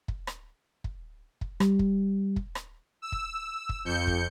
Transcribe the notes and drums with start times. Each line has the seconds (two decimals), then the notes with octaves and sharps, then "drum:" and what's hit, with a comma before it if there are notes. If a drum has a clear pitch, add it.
0.08 drum: kick
0.27 drum: rim click
0.84 drum: kick
1.41 drum: kick
1.60 G3, drum: rim click
1.79 drum: kick
2.36 drum: kick
2.55 drum: rim click
3.02 E6
3.12 drum: kick
3.69 drum: kick
3.85 F2 G6 C#7
4.07 drum: kick